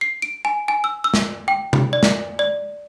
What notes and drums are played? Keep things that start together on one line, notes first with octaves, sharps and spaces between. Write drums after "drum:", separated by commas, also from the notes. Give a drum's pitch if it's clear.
C7
D7
G#5
G#5
E6
E6
drum: snare
G5
drum: tom C3
D5
drum: snare
D5